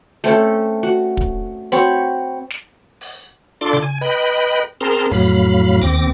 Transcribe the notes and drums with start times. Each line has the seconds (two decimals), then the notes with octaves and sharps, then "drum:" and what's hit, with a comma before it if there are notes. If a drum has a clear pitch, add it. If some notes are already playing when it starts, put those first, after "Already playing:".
0.24 A3 C4 C#4 A4, drum: snare
0.83 F#4
1.17 drum: kick
1.72 C4 F#4 C#5 B5, drum: hi-hat
2.50 drum: snare
3.01 drum: open hi-hat
3.61 D4 F4 A4 D5 C6 D6
3.73 drum: tom C#3
3.82 G#5
4.01 B4 D#5 G5 B5
4.81 C4 G#4 A#4 A5 A#5 C6
5.11 F2 A2 F#3 F5 B5, drum: open hi-hat
5.82 D#2 C4 D6 A#6, drum: hi-hat